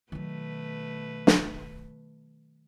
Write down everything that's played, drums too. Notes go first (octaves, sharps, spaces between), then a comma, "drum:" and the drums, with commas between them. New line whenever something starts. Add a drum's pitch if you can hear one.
B2 D#3 F#3 A3 B4
drum: snare